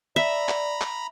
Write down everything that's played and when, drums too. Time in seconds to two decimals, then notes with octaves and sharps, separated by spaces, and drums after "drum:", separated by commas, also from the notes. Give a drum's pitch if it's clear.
0.16 D5 E5 A#5 B5
0.49 drum: clap
0.81 drum: clap